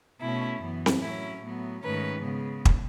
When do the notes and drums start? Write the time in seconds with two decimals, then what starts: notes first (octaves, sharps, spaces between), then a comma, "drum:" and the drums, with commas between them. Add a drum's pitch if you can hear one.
0.21 B2 A3 C#4 E4
0.61 F#2 E3 B3
0.86 drum: snare C4
1.01 A2 F#3 C#4 E4
1.42 A2 F#3 B3
1.82 G#2 D#3 A3 C#4 B4
2.22 C#3 G#3 B3
2.65 drum: kick